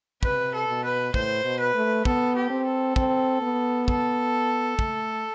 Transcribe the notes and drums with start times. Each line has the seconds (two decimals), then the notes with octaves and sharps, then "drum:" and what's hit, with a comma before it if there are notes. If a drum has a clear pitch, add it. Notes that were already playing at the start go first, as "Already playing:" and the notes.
0.23 C3 B4, drum: kick
0.54 A4
0.68 B2
0.84 B4
1.14 A2 C5, drum: kick
1.45 B2
1.60 B4
1.75 A3
2.05 B3 A4, drum: kick
2.35 G4
2.50 C4
2.66 A4
2.96 C4, drum: kick
3.42 B3
3.88 A4, drum: kick
4.79 A3, drum: kick